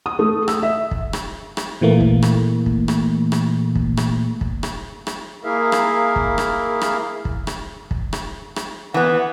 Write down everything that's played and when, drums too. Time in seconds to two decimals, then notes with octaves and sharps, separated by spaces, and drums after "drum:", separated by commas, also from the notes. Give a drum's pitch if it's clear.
0.06 D#6
0.19 A3
0.48 E6, drum: rim click
0.63 E5
0.91 drum: kick
1.13 drum: rim click
1.57 drum: rim click
1.81 A#2 E3 A3 A#3
2.01 drum: kick
2.23 drum: rim click
2.66 drum: kick
2.88 drum: rim click
3.32 drum: rim click
3.75 drum: kick
3.97 drum: rim click
4.41 drum: kick
4.63 drum: rim click
5.07 drum: rim click
5.44 A#3 E4 G#4 A#4 E5 F5
5.72 drum: rim click
6.16 drum: kick
6.38 drum: rim click
6.81 drum: rim click
7.25 drum: kick
7.47 drum: rim click
7.91 drum: kick
8.13 drum: rim click
8.56 drum: rim click
8.94 E3 B3 F#5